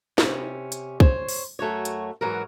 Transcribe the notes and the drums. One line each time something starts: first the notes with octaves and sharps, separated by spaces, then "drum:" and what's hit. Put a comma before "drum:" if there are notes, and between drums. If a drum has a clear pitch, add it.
C3 C#4, drum: snare
drum: hi-hat
C5 C#5, drum: kick
drum: open hi-hat
F#2 A3 F#4 C#5
drum: hi-hat
G#2 E3 F#3 F#4 A#4